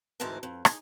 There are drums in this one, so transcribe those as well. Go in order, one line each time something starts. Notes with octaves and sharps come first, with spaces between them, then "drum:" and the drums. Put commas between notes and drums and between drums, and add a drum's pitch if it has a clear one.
D2 G#2 E3 C4 A#4 A5
F2
D#4 G#4, drum: rim click